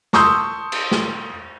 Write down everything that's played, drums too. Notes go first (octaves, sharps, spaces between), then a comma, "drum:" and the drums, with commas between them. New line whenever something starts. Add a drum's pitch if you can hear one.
A5 C6 C#6 D#6 E6 G6, drum: snare
drum: cymbal
drum: snare